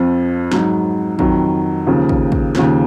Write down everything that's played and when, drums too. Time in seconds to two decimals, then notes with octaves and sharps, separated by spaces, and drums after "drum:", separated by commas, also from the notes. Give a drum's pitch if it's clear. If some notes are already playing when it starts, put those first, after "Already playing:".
Already playing: F2 F3
0.52 G#2 F#3, drum: snare
1.19 F2 D#3 F#3, drum: kick
1.87 D#2 C#3 F3
2.09 drum: kick
2.32 drum: kick
2.55 D#2 C#3 F3, drum: snare